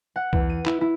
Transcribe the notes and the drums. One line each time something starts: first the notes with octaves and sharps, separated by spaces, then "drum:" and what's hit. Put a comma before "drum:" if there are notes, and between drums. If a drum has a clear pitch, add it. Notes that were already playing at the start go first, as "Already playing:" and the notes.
F#5
E2, drum: kick C2
D#7
E4, drum: clap
E4